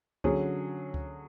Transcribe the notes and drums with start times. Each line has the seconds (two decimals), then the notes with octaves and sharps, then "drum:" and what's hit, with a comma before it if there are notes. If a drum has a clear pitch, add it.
0.24 D3 F#3 C#4 G#4, drum: kick C#2
0.94 drum: kick C#2